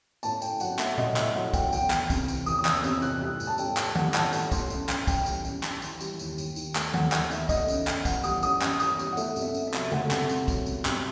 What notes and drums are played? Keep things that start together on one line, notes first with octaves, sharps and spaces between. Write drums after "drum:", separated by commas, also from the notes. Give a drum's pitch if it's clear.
A2 A5, drum: tambourine
A2 G5, drum: tambourine
F#3 F#5, drum: tambourine
A3 E5, drum: clap
A2 D#5, drum: tom A#2
A2 E5, drum: clap
F#3 F#5
A3 G5, drum: kick, tambourine
E2 G5, drum: tambourine
E2, drum: clap
C3, drum: kick, tambourine
E3, drum: tambourine
E2 D#6, drum: tambourine
D#6
E2 E6, drum: clap
C3 E6, drum: tambourine
E3 F#6, drum: tambourine
G3 F#6
A2, drum: tambourine
A5
G3 G5, drum: tambourine
A2, drum: clap
G3 F#5, drum: tom D#3
A2 A5, drum: clap
G3 A5, drum: tambourine
A2 C6, drum: kick, tambourine
F#2, drum: tambourine
F#2, drum: clap
E3 G5, drum: kick, tambourine
G3, drum: tambourine
F#2, drum: tambourine
F#2, drum: clap
E3, drum: tambourine
G3, drum: tambourine
D#2, drum: tambourine
D#2, drum: tambourine
D#3, drum: tambourine
A3, drum: clap
D#2 F#5, drum: tom D#3
D#2 F#5, drum: clap
D#3 E5, drum: tambourine
A3 D#5, drum: kick, tambourine
F#2, drum: tambourine
F#2, drum: clap
E3 F#5, drum: kick, tambourine
G3 D#6, drum: tambourine
F#2 D#6, drum: tambourine
F#2, drum: clap
E3 D#6, drum: tambourine
G3, drum: tambourine
F#5
A3 E5, drum: tambourine
C2, drum: tambourine
E5
C3, drum: tambourine
E5
F#3, drum: clap
A3 F#5, drum: tom C#3
C2, drum: clap
C3, drum: tambourine
F#3, drum: kick, tambourine
C2, drum: tambourine
C2, drum: clap